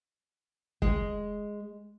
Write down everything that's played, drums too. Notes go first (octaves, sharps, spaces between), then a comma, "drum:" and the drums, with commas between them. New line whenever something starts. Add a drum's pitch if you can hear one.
G#3, drum: kick